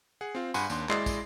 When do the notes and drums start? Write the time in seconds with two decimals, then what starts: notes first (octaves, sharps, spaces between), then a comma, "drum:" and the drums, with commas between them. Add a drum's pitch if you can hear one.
0.21 G#4 F#5
0.35 C4 F4
0.54 G2 F#5 G#5 B5 C6, drum: tambourine
0.70 D#2 D4 C6, drum: tambourine
0.89 G#3 E4 D5 D#5 C6 C7, drum: clap
1.06 drum: kick, tambourine